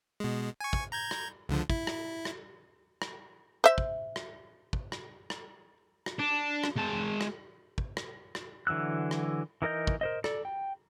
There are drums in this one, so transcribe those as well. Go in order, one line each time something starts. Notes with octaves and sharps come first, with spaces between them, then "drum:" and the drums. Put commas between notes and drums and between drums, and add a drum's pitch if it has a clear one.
B2 G#3
G#5 C#6
drum: kick
A#5 G6 G#6
drum: rim click
C#2 D3 F3
E4, drum: kick
drum: rim click
drum: rim click
drum: rim click
C5 E5
drum: kick
drum: rim click
drum: kick
drum: rim click
drum: rim click
drum: rim click
D4
drum: rim click
G#3 A5
drum: rim click
drum: kick
drum: rim click
drum: rim click
D3 E3 F#3 E6 F#6
drum: rim click
E3 D#4 A#4 D#5 G6
drum: kick
A#4 C5 D#5
A4 D5, drum: rim click
G5